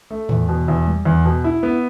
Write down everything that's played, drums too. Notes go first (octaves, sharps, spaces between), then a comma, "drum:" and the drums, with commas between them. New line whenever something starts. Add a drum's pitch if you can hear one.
A3
E2, drum: tom A2
B2
E2
G3
E2
B2
E4
B3